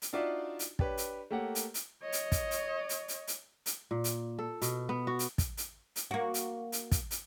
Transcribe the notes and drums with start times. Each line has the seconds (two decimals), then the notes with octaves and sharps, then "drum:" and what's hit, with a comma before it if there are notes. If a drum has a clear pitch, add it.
0.02 drum: hi-hat
0.13 D4 D#4 F4 F#4 D5 E5
0.59 drum: hi-hat
0.79 D4 G4 B4 C#5, drum: kick
0.98 drum: hi-hat
1.31 A3 A#3 G4 C#5 F#5
1.55 drum: hi-hat
1.74 drum: hi-hat
2.02 C#5 D#5
2.13 drum: hi-hat
2.32 drum: kick, hi-hat
2.51 drum: hi-hat
2.89 drum: hi-hat
3.08 drum: hi-hat
3.27 drum: hi-hat
3.66 drum: hi-hat
3.91 A#2
4.04 drum: hi-hat
4.39 A4
4.62 B2, drum: hi-hat
4.89 B3
5.07 F#4
5.19 drum: hi-hat
5.38 drum: kick, hi-hat
5.57 drum: hi-hat
5.96 drum: hi-hat
6.11 A#3 F#4
6.34 drum: hi-hat
6.72 drum: hi-hat
6.92 drum: kick, hi-hat
7.11 drum: hi-hat